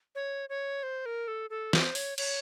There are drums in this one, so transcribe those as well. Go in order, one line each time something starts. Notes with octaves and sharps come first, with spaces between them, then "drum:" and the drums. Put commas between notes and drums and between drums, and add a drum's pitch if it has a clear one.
C#5
C#5
C5
A#4
A4
A4
C5, drum: snare
C#5, drum: open hi-hat
C#5, drum: cymbal